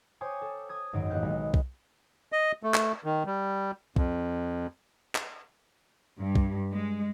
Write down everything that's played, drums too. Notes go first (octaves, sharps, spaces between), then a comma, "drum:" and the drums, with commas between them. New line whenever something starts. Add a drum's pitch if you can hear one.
C5 C#5 G5 G#5 D6 D#6
A4
D#6 G#6
G#1 F#2 D#3 D#6 D7
A1 A#3 G4 F#6 G6
B1 G#3
drum: kick
D#5
A3
drum: clap
D#3
G3
F2, drum: kick
drum: clap
G2
drum: kick
G#3